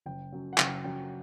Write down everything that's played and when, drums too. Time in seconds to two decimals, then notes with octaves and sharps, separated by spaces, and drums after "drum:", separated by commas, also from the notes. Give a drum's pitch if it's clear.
0.06 F#1 G5
0.32 F#2 F#3
0.53 F#5
0.58 F#1 G5, drum: clap
0.84 F#2 F#3 G5